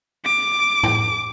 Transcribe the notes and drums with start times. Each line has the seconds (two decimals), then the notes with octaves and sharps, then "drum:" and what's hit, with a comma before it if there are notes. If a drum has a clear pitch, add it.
0.25 D6
0.83 drum: tom